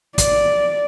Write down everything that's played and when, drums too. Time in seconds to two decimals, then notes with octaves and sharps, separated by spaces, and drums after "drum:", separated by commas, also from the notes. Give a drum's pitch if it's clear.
0.18 D5, drum: kick, hi-hat